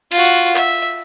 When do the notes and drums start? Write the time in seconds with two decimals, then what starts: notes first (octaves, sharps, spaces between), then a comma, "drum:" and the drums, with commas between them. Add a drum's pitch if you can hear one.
0.12 F4 F#4, drum: cymbal
0.25 drum: hi-hat
0.56 E5, drum: clap